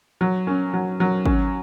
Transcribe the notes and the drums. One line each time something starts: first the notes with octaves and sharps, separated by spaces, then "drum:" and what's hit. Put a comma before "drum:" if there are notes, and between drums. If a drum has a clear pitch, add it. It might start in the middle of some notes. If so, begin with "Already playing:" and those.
F#3
C#4
F#3
F#3
C#4, drum: kick G#1